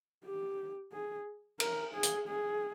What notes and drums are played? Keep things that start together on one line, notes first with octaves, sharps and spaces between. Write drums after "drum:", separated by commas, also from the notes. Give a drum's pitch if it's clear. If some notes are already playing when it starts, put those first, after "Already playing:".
G4
G#4
A#4, drum: cymbal
G#4
drum: hi-hat
G#4